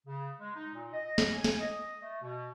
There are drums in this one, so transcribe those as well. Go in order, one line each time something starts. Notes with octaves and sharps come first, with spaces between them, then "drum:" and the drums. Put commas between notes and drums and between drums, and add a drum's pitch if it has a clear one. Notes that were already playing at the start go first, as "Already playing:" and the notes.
C#3
G#3
D#4
A#2
D#5
drum: snare
G#5
drum: snare
D#5
A3
B2